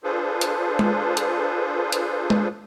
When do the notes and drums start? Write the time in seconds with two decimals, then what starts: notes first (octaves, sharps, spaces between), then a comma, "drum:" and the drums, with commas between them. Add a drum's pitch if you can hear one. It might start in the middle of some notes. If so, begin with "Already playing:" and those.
0.04 D4 F4 G#4 A4 B4 C5
0.41 drum: hi-hat
0.79 drum: tom
1.17 drum: hi-hat
1.92 drum: hi-hat
2.30 drum: tom